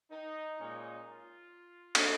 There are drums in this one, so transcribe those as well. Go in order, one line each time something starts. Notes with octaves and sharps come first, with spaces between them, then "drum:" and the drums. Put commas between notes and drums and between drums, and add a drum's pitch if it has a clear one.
D#4
A#2 G#3 C#4 D#4
F4
drum: cymbal